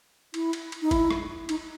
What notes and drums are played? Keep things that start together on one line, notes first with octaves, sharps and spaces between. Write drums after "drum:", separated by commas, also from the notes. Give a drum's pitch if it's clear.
E4, drum: cymbal
drum: cymbal
drum: cymbal
D#4
E4, drum: kick F#1, cymbal
drum: rim click
D#4, drum: cymbal